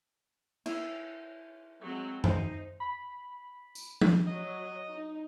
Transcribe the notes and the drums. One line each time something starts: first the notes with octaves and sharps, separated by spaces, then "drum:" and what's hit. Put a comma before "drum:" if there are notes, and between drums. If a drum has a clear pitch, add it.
E4, drum: cymbal
F#3 G#3 C4
D#4 C5, drum: tom F#2
B5
drum: tambourine
drum: tom F3
F#3 D#5
D#4